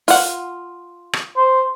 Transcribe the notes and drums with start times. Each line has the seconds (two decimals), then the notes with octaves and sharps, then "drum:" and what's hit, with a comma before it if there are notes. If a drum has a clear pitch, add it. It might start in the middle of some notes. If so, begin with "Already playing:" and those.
0.08 F4 F#5, drum: open hi-hat
1.13 drum: rim click
1.36 C5